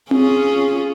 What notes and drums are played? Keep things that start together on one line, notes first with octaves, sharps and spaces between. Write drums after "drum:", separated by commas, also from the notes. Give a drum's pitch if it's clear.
C#4 F4 G#4, drum: tom C4